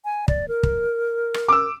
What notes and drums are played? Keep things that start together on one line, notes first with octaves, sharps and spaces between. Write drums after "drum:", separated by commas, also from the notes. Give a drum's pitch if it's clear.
G#5
D5, drum: kick
A#4
drum: kick
drum: rim click
D6 E6